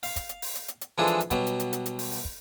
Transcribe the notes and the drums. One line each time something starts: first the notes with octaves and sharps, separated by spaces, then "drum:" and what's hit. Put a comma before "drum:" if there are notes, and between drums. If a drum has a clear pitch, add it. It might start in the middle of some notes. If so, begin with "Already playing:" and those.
F5, drum: open hi-hat
drum: kick, hi-hat
drum: hi-hat
drum: open hi-hat
drum: hi-hat
drum: hi-hat
drum: hi-hat
E3 F3 G#3 D4 G#4 A4
drum: hi-hat
drum: hi-hat
B2 F#3 G3, drum: kick, hi-hat
drum: hi-hat
drum: hi-hat
drum: hi-hat
drum: hi-hat
drum: open hi-hat
drum: open hi-hat
drum: kick